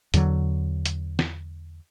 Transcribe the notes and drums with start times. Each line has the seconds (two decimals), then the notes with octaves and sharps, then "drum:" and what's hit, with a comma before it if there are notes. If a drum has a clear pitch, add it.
0.14 E2 D3 F#3, drum: hi-hat
0.86 drum: hi-hat
1.19 drum: snare